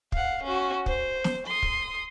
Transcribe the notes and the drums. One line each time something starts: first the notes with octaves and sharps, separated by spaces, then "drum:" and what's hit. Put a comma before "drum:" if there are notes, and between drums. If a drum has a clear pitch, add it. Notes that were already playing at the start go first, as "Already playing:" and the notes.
F5 F#5, drum: kick
C#4 F#4
C5, drum: kick
drum: snare
C6 D#6
drum: kick